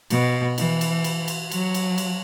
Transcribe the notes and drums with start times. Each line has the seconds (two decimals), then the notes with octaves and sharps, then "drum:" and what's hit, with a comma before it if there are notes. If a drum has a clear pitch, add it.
0.10 B2, drum: cymbal
0.58 E3, drum: cymbal
0.81 drum: cymbal
1.04 drum: cymbal
1.28 drum: cymbal
1.51 F#3, drum: cymbal
1.74 drum: cymbal
1.98 drum: cymbal